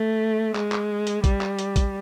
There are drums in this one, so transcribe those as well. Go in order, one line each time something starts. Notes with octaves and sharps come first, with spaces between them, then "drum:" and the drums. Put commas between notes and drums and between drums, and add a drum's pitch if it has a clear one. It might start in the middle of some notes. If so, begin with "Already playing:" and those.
Already playing: A3
G#3, drum: clap
drum: clap
drum: hi-hat
G3, drum: kick A#1, hi-hat
drum: clap
drum: hi-hat
drum: kick A#1, hi-hat